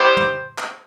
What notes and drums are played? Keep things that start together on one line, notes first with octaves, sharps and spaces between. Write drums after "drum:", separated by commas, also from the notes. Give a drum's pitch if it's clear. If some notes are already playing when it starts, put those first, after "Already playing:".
Already playing: G3 B3 E4 G4 C5
drum: tom
drum: clap